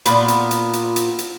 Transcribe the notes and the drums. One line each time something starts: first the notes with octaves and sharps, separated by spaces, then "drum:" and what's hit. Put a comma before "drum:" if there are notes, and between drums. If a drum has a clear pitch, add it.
A#2 B3, drum: hi-hat
drum: hi-hat
drum: hi-hat
drum: hi-hat
drum: hi-hat
drum: hi-hat